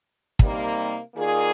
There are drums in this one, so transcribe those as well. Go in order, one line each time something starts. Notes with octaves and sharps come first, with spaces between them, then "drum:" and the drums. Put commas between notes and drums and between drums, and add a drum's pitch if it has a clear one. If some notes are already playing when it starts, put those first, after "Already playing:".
C3 G3 A#3 D#4, drum: kick
D#3 A#3 F4 G#4 D5